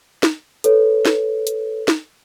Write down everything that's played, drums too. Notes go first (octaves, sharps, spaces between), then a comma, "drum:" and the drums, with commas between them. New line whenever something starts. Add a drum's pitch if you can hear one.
drum: snare
A4 B4 C#5, drum: hi-hat
drum: snare
drum: hi-hat
drum: snare